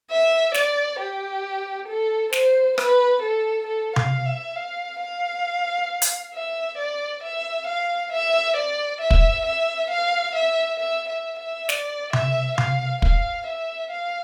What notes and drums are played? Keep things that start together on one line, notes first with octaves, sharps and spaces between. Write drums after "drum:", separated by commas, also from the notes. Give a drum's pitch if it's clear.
E5
D5, drum: snare
G4
A4
C5, drum: snare
B4, drum: rim click
A4
A4
F5, drum: tom C3
E5
F5
F5
drum: hi-hat
E5
D5
E5
F5
E5
D5
E5
drum: kick
E5
F5
E5
E5
E5
E5
D5, drum: snare
E5, drum: tom C3
F5, drum: tom C3
F5, drum: kick
E5
F5